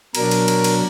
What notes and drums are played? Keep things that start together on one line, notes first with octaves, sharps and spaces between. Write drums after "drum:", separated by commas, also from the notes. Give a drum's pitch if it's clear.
B2 F#3 D4 A#4, drum: cymbal
drum: cymbal
drum: cymbal
drum: cymbal